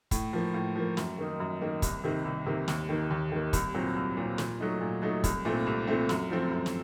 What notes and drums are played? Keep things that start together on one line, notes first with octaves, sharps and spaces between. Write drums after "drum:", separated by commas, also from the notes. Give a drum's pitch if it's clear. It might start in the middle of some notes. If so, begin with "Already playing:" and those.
A2, drum: kick, hi-hat
F3 A#3
A2
F3 A#3
F#2, drum: snare
D#3 A#3 D#4
F#2
D#3 A#3 D#4
C2, drum: kick, hi-hat
C3 D#3 A#3
C2
C3 D#3 A#3
D#2, drum: snare
D#3 A#3
D#2
D#3 A#3
C2, drum: kick, hi-hat
A#2 F#3 C4
C2
A#2 F#3 C4
A#2, drum: snare
F#3 A3 D#4
A#2
F#3 A3 D#4
C2, drum: kick, hi-hat
A#2 A3 C4
C2
A#2 A3 C4
F#2, drum: snare
F3 A3 C4
F#2
drum: snare